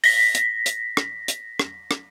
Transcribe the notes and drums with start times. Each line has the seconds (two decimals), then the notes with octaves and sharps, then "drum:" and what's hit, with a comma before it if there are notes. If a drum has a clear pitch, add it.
0.04 A#6 B6, drum: open hi-hat
0.35 drum: hi-hat
0.66 drum: hi-hat
0.97 drum: rim click
1.28 drum: hi-hat
1.59 drum: rim click
1.91 drum: rim click